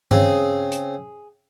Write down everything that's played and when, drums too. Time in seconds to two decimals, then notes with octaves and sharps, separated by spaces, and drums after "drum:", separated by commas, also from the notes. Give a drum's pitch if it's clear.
0.11 C#3 C4 G#4, drum: tom G2
0.72 drum: hi-hat